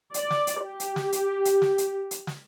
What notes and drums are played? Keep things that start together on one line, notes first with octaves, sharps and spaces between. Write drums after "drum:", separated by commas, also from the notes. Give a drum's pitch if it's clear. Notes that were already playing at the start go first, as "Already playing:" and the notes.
D5, drum: hi-hat
drum: snare
drum: hi-hat
G4
drum: hi-hat
drum: snare
drum: hi-hat
drum: hi-hat
drum: snare
drum: hi-hat
drum: hi-hat
drum: snare